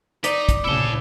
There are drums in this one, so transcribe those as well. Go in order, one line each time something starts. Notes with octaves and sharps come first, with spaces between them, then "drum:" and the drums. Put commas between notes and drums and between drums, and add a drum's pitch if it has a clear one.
D#4 D5 B6, drum: hi-hat
drum: kick, hi-hat
D2 A#2 C#3 E4 A5 E6 C#7 G7